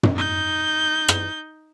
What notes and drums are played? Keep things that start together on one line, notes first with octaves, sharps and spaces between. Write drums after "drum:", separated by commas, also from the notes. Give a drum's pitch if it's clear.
drum: tom
D#4 G6
drum: rim click